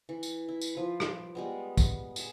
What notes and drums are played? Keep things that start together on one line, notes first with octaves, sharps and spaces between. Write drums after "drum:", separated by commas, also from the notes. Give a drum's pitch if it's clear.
E3
drum: tambourine
E4
drum: tambourine
F3 B4
drum: rim click
G3 G#3 B3
drum: kick, tambourine
G#4 A5, drum: tambourine